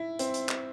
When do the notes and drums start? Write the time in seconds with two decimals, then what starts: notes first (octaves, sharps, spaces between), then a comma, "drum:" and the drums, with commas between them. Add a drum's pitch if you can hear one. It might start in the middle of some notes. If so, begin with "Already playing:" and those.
Already playing: E4
0.19 C4, drum: hi-hat
0.34 drum: hi-hat
0.49 drum: clap